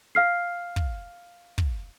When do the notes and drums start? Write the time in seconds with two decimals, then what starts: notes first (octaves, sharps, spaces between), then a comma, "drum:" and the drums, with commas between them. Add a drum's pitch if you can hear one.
0.15 F5 F6 C7
0.76 drum: kick
1.58 drum: kick